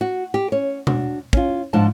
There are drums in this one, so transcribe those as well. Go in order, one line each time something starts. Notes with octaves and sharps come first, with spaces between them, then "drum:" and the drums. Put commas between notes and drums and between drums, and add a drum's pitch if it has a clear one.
F#4
G4
C#4 C#5
D4 F#4, drum: tom B2
C#4 F4, drum: kick
G#2 F3 D4 F4 A5